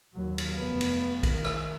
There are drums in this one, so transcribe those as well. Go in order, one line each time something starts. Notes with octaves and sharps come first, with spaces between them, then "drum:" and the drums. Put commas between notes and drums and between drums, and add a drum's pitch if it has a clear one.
D#2 F#3
drum: cymbal
F1 B3
drum: cymbal
D#3, drum: kick, cymbal
drum: rim click